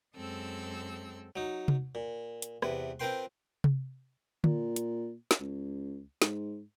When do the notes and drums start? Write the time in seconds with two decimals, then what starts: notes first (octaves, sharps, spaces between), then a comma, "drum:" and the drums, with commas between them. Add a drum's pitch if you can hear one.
0.16 F#2 G#3 C4 A4 E6
1.36 F#3 D#4
1.68 drum: tom C3
1.95 A#2
2.42 drum: hi-hat
2.62 E2 C3 B4, drum: rim click
3.00 C4 F4 A#4 B4 G5 C6
3.64 drum: tom C3
4.44 A#2, drum: tom D3
4.76 drum: hi-hat
5.31 drum: snare
5.40 C#2
6.22 G#2, drum: snare